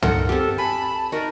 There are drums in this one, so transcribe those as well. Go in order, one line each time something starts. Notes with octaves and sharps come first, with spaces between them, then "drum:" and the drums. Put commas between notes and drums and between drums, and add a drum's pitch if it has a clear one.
G#3 D#4 A4 A#4 F#5, drum: tom
C4 G4 A4
G#5 A5 B5
D#4 F#4 A#4 D5